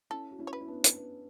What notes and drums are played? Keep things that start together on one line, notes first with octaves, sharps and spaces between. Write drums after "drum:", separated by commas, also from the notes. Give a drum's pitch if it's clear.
C#4 E4 A4
F#4
C#4 E4
C#5
B4
E4
B3 D4
drum: hi-hat
B3